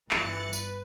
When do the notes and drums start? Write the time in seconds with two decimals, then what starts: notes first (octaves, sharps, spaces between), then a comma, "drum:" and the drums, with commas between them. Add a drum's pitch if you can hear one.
0.11 G1 G2 E3 F#6 A6 C#7, drum: clap
0.53 B4, drum: tambourine